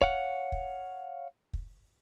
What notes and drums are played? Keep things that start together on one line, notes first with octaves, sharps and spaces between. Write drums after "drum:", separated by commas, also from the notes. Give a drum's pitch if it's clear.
C#5 F5 F#5, drum: kick
drum: kick
drum: kick